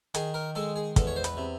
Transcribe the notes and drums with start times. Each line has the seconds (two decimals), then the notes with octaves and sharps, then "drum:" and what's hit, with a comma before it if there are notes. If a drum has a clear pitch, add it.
0.14 D#3 G#4, drum: hi-hat
0.34 A#4
0.55 G#3 A4
0.76 G#4
0.96 E2 A4, drum: kick, hi-hat
1.07 C#5
1.16 C5
1.24 B4, drum: hi-hat
1.37 C3